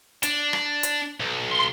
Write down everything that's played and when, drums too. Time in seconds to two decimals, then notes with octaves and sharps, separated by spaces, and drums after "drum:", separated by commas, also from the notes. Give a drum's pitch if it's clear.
0.23 D4, drum: hi-hat
0.53 drum: rim click
0.83 drum: hi-hat
1.20 B1
1.51 C6